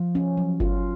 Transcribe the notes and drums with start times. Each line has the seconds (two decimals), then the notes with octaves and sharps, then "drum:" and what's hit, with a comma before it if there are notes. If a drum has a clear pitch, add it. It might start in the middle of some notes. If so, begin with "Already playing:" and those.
Already playing: F3
0.15 C#4
0.37 F#3
0.60 F4, drum: kick G1